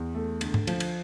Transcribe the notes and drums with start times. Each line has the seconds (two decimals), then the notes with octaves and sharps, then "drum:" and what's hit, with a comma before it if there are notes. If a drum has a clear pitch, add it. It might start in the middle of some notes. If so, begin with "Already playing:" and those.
Already playing: E2
0.15 A3
0.41 D2, drum: cymbal
0.54 drum: tom G#2
0.67 F3, drum: cymbal
0.80 drum: cymbal